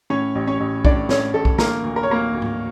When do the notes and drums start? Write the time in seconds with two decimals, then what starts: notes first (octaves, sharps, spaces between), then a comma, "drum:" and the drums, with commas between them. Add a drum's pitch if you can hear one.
0.10 A2 C#4 C#5
0.35 A1
0.47 C#4 C#5
0.60 A1
0.85 A2 D4 D5, drum: kick B1
1.09 A2 C#4 C#5, drum: snare
1.34 A1 A4
1.45 drum: kick B1
1.58 D3 A#3 A#4, drum: snare
1.83 D2
1.96 A#4
2.03 C#5
2.08 D2 A#3 A#4
2.33 D2
2.42 drum: tom G#2